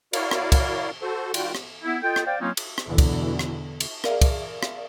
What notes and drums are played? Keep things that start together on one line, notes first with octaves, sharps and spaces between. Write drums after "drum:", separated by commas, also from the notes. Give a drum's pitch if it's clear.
E4 F#4 A#4 C#5 D5 F5, drum: cymbal
drum: rim click
drum: kick, cymbal
F#4 A4 C5
D#3 G3 F4 F#4 G5 F#6, drum: cymbal
drum: rim click
B3 E4
F4 A4 D#5 G5
drum: rim click
C5 D5 F5 G5
F#3 A#3 C4 C#4 D#4 F4
drum: cymbal
drum: rim click
E2 B2 D3 E3
drum: kick, cymbal
drum: rim click
drum: cymbal
G#4 A#4 D5 E5 F5, drum: rim click
drum: kick, cymbal
drum: rim click